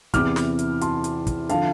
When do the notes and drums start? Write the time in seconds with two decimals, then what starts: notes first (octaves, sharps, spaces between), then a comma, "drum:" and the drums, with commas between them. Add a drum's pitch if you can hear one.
0.14 E2 C3 E3 D6 F6, drum: kick, hi-hat
0.36 drum: snare
0.59 drum: hi-hat
0.81 A5 C6, drum: hi-hat
1.04 drum: hi-hat
1.27 drum: kick, hi-hat
1.49 D3 F3 F5 A5, drum: hi-hat